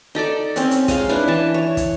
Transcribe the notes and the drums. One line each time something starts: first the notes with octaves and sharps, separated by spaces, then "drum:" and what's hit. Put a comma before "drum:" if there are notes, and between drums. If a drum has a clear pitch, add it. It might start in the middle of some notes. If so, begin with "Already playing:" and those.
D#4 A4 D5 D6
C4 C#4, drum: hi-hat
drum: hi-hat
G#3 D#4 F5, drum: kick, hi-hat
D4 E4 B4
E3 A5
C#5
drum: kick, hi-hat